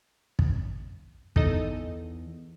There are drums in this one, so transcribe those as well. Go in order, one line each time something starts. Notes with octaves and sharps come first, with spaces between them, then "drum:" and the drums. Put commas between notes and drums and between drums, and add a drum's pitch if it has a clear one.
drum: kick
E2 D#4 A4 D#5, drum: kick